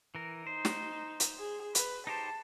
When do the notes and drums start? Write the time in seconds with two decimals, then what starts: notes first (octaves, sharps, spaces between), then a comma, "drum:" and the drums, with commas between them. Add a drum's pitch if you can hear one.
0.15 E3 A#4
0.47 D#4 C5
0.65 drum: snare
1.20 drum: hi-hat
1.39 G#4
1.75 B4, drum: hi-hat
2.07 D#4 G4 C5 A5